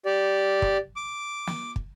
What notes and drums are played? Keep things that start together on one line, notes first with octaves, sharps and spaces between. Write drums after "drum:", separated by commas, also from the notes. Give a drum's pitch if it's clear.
G4 D5
drum: kick
D6
drum: snare
drum: kick